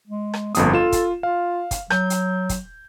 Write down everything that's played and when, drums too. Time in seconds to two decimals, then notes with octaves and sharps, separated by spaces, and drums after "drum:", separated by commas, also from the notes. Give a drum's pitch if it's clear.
0.07 G#3
0.34 drum: rim click
0.55 G1 F2 A#3 D#6, drum: hi-hat
0.73 F4 A4 E7
0.92 drum: kick, hi-hat
1.23 F4 F5
1.71 drum: kick, hi-hat
1.90 F#3 G6, drum: rim click
2.10 drum: hi-hat
2.49 drum: kick, hi-hat